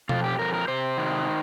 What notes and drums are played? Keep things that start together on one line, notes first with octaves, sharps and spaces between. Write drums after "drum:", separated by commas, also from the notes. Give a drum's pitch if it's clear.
F2 F4, drum: tom B2
G4
F2 A#4
A#4
C3 C5
D#3